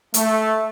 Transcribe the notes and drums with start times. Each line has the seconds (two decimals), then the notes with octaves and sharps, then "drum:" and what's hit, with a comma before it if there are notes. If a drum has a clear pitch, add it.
0.14 A3, drum: hi-hat